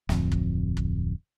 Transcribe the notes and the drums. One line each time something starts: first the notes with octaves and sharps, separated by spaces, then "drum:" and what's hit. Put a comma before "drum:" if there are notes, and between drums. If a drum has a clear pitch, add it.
D1 F2, drum: snare
drum: kick
drum: kick